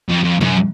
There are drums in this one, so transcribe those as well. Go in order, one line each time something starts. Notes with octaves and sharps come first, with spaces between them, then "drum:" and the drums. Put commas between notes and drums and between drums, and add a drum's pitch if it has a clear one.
F2
F2
F#2, drum: tom
drum: tom